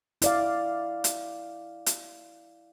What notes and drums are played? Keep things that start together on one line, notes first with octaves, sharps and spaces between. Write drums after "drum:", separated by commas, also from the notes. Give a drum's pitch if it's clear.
E4 D5 F5, drum: hi-hat
drum: hi-hat
drum: hi-hat